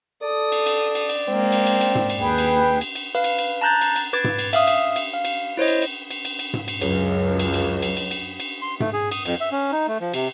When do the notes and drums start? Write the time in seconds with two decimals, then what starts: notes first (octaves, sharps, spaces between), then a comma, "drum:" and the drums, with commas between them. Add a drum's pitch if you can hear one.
0.22 A4 D5 D#6
0.52 drum: cymbal
0.66 drum: cymbal
0.95 drum: cymbal
1.09 drum: cymbal
1.29 G#3 A#3 C4
1.52 drum: cymbal
1.67 drum: cymbal
1.81 drum: cymbal
1.95 drum: tom G#2
2.10 drum: cymbal
2.20 D#2 G#4 B4 G5
2.38 drum: cymbal
2.81 drum: cymbal
2.95 drum: cymbal
3.15 B4 F5
3.24 drum: cymbal
3.38 drum: cymbal
3.61 A5 A#5 F#6 G6 A6
3.81 drum: cymbal
3.96 drum: cymbal
4.13 B4 D6 G#6 A6
4.24 drum: tom G#2
4.39 drum: cymbal
4.53 E5 F5 D#6, drum: cymbal
4.67 drum: cymbal
4.96 drum: cymbal
5.14 F5
5.25 drum: cymbal
5.57 E4 C5 C#5 D#5
5.68 drum: cymbal
5.82 drum: cymbal
6.11 drum: cymbal
6.25 drum: cymbal
6.39 drum: cymbal
6.53 drum: tom G#2
6.68 drum: cymbal
6.81 C#2 F#2, drum: cymbal
7.39 drum: cymbal
7.54 drum: cymbal
7.82 drum: cymbal
7.97 drum: cymbal
8.11 drum: cymbal
8.40 drum: cymbal
8.62 C6
8.80 A3, drum: tom G#2
8.93 G#4
9.11 D#6, drum: cymbal
9.26 F2, drum: cymbal
9.41 E5
9.52 C#4
9.72 D#4
9.88 A3
10.01 F3
10.14 C3, drum: cymbal